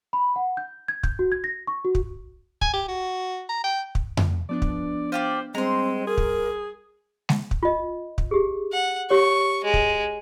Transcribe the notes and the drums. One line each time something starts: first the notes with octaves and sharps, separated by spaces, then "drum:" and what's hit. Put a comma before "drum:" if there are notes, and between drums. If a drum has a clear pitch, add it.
B5
F#5
G6
G#6
G6, drum: kick
F#4
G#6
A#6
C#6
F#4
drum: kick
G#5, drum: kick
G4
F#4
A#5
G5
drum: kick
drum: tom F2
F3 B3 D4 D5
drum: kick
F4 G4 C5 D5
G3 G#3 C4 A#5 C6
G#4 A#4
drum: kick
drum: snare
drum: kick
F4 D#5
drum: kick
G4 G#4
F#5
G4 C#5 C#6
G#3
drum: kick